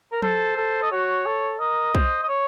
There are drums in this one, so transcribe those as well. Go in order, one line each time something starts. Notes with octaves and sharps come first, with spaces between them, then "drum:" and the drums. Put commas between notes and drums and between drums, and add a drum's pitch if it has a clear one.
A#4
A4 C5, drum: tom F3
A4
D#5
F#4 C#5
A4
A#4 D#5
C5, drum: kick B1
D#5
C#5